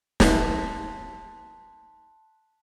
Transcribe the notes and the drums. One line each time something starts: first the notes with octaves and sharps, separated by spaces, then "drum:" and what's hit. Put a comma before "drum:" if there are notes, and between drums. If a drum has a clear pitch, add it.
A5 C6 F#6 B6, drum: snare